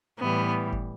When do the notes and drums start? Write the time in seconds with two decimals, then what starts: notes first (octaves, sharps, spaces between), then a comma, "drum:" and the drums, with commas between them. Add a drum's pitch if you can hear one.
0.19 A2 E3 G3 B3
0.72 drum: kick F#1